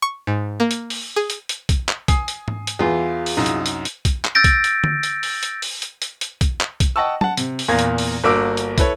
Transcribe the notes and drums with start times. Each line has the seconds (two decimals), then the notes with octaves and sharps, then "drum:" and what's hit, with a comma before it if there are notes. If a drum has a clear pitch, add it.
0.02 C#6
0.27 G#2
0.60 A#3
0.71 drum: hi-hat
0.90 drum: open hi-hat
1.16 G#4
1.30 drum: hi-hat
1.49 drum: hi-hat
1.69 drum: kick, hi-hat
1.89 drum: clap
2.08 G#5 D#6 C7, drum: kick, hi-hat
2.28 drum: hi-hat
2.48 drum: tom G#2
2.67 drum: hi-hat
2.79 E2 E3 F4 G#4
3.26 drum: open hi-hat
3.37 C2 F#2 D#4
3.46 drum: hi-hat
3.66 drum: hi-hat
3.85 drum: hi-hat
4.05 drum: kick, hi-hat
4.25 drum: clap
4.35 E6 G6 A6 A#6 D7
4.44 drum: kick, hi-hat
4.64 drum: hi-hat
4.84 drum: tom D3
5.03 drum: hi-hat
5.23 drum: open hi-hat
5.43 drum: hi-hat
5.62 drum: open hi-hat
5.82 drum: hi-hat
6.02 drum: hi-hat
6.21 drum: hi-hat
6.41 drum: kick, hi-hat
6.61 drum: clap
6.80 drum: kick, hi-hat
6.96 D#5 F#5 G5 A5 C#6 E6
7.21 F#5 A5, drum: tom
7.37 C3, drum: hi-hat
7.59 drum: open hi-hat
7.68 E2 A#2 A#4 F5 G#6 A#6
7.79 drum: hi-hat
7.98 drum: open hi-hat
8.24 G1 A#3 F#4 D6 E6 D7
8.57 drum: hi-hat
8.78 E4 A4 B4 C#5, drum: kick, hi-hat